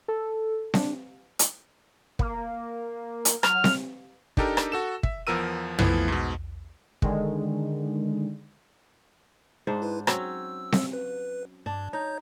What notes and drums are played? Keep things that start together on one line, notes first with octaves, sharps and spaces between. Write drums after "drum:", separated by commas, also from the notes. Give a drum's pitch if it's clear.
A4
D4, drum: snare C4
drum: hi-hat
A#3, drum: kick
drum: hi-hat
F#3 F6, drum: rim click
drum: snare C4
D4 D#4 G4 A4 A#4, drum: kick
drum: rim click
F#4 A4 E7
E5, drum: kick
E2 F3 B3 A#4 E6 D#7
E3 F3 A3 B3 E4, drum: tom
G#2 B2
D3 D#3 G#3, drum: kick
G#2 D4 C5
E4 B4
F#3 C4 C#4 E6, drum: rim click
drum: snare C4
B4
G2 D4
D#4 C#5 G6